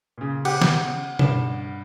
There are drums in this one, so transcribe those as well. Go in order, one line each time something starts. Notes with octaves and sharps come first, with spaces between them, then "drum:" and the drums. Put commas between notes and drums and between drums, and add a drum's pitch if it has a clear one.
A#2 C#3
G4 F#5, drum: cymbal
drum: snare
G2 E7, drum: tom B2